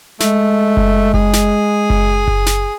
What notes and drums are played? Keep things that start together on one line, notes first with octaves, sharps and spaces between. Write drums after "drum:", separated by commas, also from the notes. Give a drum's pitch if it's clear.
G#3 A3, drum: snare
drum: kick F#1
G#4, drum: kick F#1
drum: snare
drum: kick F#1
drum: kick F#1
drum: snare